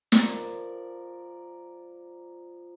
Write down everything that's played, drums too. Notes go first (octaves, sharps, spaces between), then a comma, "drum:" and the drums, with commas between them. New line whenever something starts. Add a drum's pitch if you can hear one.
F3 A#4 D5, drum: snare